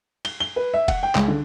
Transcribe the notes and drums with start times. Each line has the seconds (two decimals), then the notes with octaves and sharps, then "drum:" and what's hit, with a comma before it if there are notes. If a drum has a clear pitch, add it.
0.25 G7, drum: cymbal
0.40 G7
0.56 B4
0.74 E5
0.88 F#5, drum: kick E1, cymbal
1.03 G5
1.15 C#2, drum: clap
1.28 D3